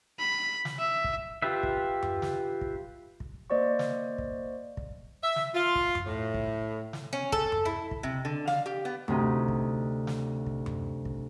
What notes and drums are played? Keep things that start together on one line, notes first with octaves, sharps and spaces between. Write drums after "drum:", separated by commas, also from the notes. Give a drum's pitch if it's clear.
B5
drum: snare
E5
drum: kick
F4 G4 B4 E5
drum: kick
drum: tom F#2
drum: snare
drum: kick
drum: kick
A#3 C5 D5 D#5 C#6
drum: snare
drum: kick
drum: kick
E5
drum: snare
F4
drum: kick
drum: tom F#2
A2
drum: kick
drum: snare
C#4
A4, drum: kick
drum: tom F#2
E4
drum: kick
C3
D3
F5, drum: snare
G4
B3
D2 C3 D#4, drum: tom F#2
drum: kick
drum: snare
drum: kick
drum: tom F#2
drum: kick